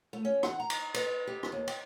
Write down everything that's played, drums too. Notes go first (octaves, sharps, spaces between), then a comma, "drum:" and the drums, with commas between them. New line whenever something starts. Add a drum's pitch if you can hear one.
A3
C#4
F#5, drum: rim click
A#5
drum: cymbal
B4, drum: cymbal
G4
drum: rim click
D#2
G5, drum: cymbal